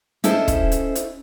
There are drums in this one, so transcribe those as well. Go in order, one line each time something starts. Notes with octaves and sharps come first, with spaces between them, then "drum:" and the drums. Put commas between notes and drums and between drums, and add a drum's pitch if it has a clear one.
C#4 E4 A4 C5 D#5, drum: hi-hat
drum: kick, hi-hat
drum: hi-hat
drum: hi-hat